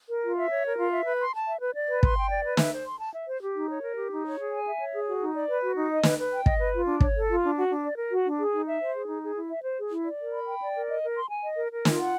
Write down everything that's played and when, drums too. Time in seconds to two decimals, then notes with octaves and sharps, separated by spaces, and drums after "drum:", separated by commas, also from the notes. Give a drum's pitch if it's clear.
0.08 A#4
0.23 F4
0.36 E5
0.50 C#5
0.64 A#4
0.78 F4
0.92 E5
1.05 B4
1.20 C6
1.34 A5
1.46 E5
1.61 B4
1.74 D5
1.88 B4
2.03 C6, drum: kick
2.17 G5
2.30 D5
2.43 B4
2.57 E5, drum: snare
2.71 C5
2.85 C6
3.00 A5
3.13 E5
3.27 C5
3.41 G4
3.54 D#4
3.68 C#5
3.82 A#4
3.96 G4
4.10 D#4
4.24 C#5
4.38 G#4
4.51 G#5
4.65 E5
4.79 C#5
4.93 G#4
5.07 F#4
5.21 D#4
5.34 D5
5.48 B4
5.63 F#4
5.76 D#4
5.91 D#5
6.03 B4, drum: snare
6.18 B4
6.32 G5
6.46 D#5, drum: kick
6.59 B4
6.73 F4
6.86 D4
7.00 C#5, drum: kick
7.15 A4
7.29 F4
7.43 D4
7.56 F#4
7.70 D4
7.84 D5
7.97 A#4
8.11 F#4
8.25 D4
8.39 G#4
8.53 D#4
8.67 E5
8.81 C5
8.94 G#4
9.08 D#4
9.23 G#4
9.36 E4
9.50 E5
9.63 C5
9.78 G#4
9.92 E4
10.05 D5
10.19 A#4
10.33 B5
10.46 G5
10.61 D5
10.74 A#4
10.89 D#5
11.03 A#4
11.16 C6
11.30 G#5
11.43 D#5
11.57 A#4
11.71 A#4
11.85 F4, drum: snare
11.98 F#5